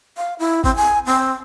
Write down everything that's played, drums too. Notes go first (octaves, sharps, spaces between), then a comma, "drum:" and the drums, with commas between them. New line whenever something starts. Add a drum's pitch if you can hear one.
F5
E4
C4, drum: kick G#1
G#5
C4